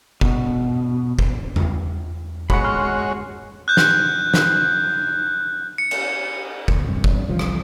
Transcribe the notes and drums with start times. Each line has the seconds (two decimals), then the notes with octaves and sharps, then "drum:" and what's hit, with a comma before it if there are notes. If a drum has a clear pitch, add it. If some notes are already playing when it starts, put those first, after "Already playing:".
0.21 B2, drum: kick
1.19 drum: kick
1.56 drum: tom E2
2.50 G#3 F#4 C#5 F#5 B5, drum: kick
2.64 C6 F6 F#6
3.68 F#6 G6
3.77 drum: snare
4.34 drum: snare
5.78 C#7
5.91 drum: cymbal
6.68 D2, drum: kick
6.88 E2 G2 C3
7.04 drum: kick
7.29 C2 E3 F3 G3
7.39 drum: rim click